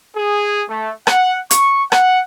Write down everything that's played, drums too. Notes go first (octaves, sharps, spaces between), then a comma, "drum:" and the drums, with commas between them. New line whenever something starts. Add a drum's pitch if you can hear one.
G#4
A3
F#5, drum: rim click
C#6, drum: hi-hat
F#5, drum: rim click